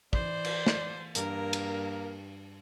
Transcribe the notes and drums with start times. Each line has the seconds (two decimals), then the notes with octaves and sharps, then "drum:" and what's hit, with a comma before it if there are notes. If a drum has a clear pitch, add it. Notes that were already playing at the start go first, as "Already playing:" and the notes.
0.13 E3 C5 D5, drum: kick
0.45 drum: cymbal
0.67 drum: snare
1.15 G2 A#3 A#4, drum: hi-hat
1.53 drum: cymbal